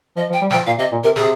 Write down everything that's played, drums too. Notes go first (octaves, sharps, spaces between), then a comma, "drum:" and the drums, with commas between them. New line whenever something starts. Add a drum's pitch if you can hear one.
F3 D#5
F3
G5
G3
G5, drum: snare
F3
A#2 F5
C3 D#5
A#2
C3 A#4
C3 G#4, drum: snare